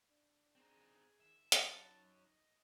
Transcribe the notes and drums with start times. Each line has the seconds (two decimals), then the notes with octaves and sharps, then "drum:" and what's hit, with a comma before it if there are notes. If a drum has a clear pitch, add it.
0.11 D4
0.55 C4 D#4 G#4
1.20 D#3 E5
1.52 F#2 F#3 C#4 A5, drum: hi-hat
1.84 D#4
2.23 D#5